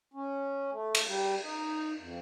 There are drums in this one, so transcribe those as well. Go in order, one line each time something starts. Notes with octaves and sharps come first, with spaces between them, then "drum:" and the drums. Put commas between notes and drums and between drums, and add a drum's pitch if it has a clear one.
C#4
A3
drum: cymbal
G3
D#4
F2